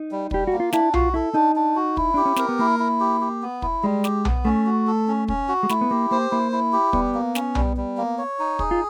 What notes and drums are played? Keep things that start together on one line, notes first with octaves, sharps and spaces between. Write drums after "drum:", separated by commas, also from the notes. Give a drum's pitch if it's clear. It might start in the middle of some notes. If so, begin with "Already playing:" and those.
Already playing: D#4
G3
G3 G4, drum: kick
F#4
A#3
F4
D4 E4, drum: snare
F4 F#4, drum: tom B1
E4 A4
D4 D#4
D4
F#4
E4, drum: kick
D4 G4
C#4
C4 A#4, drum: snare
B3
A#3 E4
E4
G4
G4
B3
E4, drum: kick
G3 G#3
G4, drum: snare
B3, drum: tom B1
A3 C#4
F#4
A4
C#4
C#4, drum: kick
F#4
G#3
A3 E4, drum: snare
B3
A#3 G4
A#3 C5
A#3 E4
E4
G4
G3 B3, drum: kick
A#3
C#4, drum: snare
G3, drum: tom B1
G3
A#3
C#5
D#4
G#4, drum: kick
F4